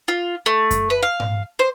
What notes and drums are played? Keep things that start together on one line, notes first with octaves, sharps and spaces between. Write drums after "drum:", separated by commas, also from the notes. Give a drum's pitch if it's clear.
F4
A3
drum: kick F#2, hi-hat
B4
F5
drum: tom G#2
C5